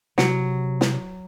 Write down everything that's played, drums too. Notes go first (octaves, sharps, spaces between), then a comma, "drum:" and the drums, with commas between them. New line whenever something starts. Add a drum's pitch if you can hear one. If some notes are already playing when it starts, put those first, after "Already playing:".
C3 F#3, drum: snare
drum: snare